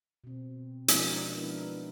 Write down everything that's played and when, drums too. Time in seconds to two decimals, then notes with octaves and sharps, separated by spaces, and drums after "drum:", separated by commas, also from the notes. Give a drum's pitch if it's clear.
0.24 B2 C4
0.88 F3 G#3 D4 D#4 F#4 A#4, drum: hi-hat
1.35 B3 D4 E4 A#4 B4